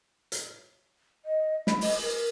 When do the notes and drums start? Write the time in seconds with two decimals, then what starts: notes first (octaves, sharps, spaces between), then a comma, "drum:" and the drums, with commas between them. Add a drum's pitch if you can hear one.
0.32 drum: hi-hat
1.25 D#5
1.67 B5, drum: snare
1.81 D#5, drum: open hi-hat
2.01 A#4